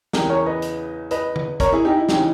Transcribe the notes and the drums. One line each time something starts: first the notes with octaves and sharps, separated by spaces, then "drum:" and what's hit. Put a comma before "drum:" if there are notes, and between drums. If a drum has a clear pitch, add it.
E2 C#3 E3 G4 A#4, drum: snare
A#4 C#5
B4 D#5
drum: hi-hat
B4 D#5, drum: hi-hat
drum: tom
A#4 C#5, drum: kick, hi-hat
E4 G#4
D#4 G4
E4
C#3 E3 D#4 G4, drum: snare